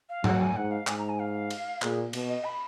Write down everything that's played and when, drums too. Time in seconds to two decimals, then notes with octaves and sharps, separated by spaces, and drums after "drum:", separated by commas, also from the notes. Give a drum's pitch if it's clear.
0.10 F5
0.24 F#3 F#5, drum: tom G#2
0.40 G#5
0.56 G#2 F#5
0.71 F5
0.87 G#2 G#5, drum: clap
0.99 A#5
1.09 G#5
1.20 F5
1.50 drum: cymbal
1.82 A#2 G#4, drum: clap
2.13 B2, drum: cymbal
2.29 D#5
2.44 B5